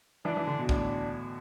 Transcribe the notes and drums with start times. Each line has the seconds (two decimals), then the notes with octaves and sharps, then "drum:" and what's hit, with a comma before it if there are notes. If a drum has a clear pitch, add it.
0.25 E3 D4
0.37 E3
0.47 D3
0.59 B2
0.69 A2 D4, drum: kick